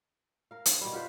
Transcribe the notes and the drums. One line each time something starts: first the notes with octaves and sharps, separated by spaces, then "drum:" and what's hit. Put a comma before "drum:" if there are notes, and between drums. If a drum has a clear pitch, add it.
A#4 F5
C5, drum: hi-hat
B2 G3
F4 G4 B4 C5